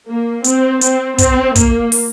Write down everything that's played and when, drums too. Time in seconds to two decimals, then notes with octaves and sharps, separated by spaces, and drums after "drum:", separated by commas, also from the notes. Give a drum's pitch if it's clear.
0.08 A#3
0.44 C4, drum: hi-hat
0.81 C4, drum: hi-hat
1.18 C4, drum: kick, hi-hat
1.55 A#3, drum: kick, hi-hat
1.92 drum: open hi-hat